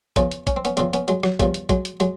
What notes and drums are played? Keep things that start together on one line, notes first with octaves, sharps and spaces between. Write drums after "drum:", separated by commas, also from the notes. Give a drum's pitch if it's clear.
E2 C#3 F3 C#4 D#4, drum: kick, hi-hat
drum: hi-hat
C#4, drum: kick, hi-hat
C4
B3 C#4, drum: hi-hat
E2 C#3 F3 C4 D4, drum: hi-hat
B3 C#4, drum: hi-hat
F#3 G#3, drum: hi-hat
F#3, drum: rim click
E2 C#3 F3 G3, drum: kick, hi-hat
drum: hi-hat
F#3 G#3, drum: kick, hi-hat
drum: hi-hat
F#3 G#3, drum: hi-hat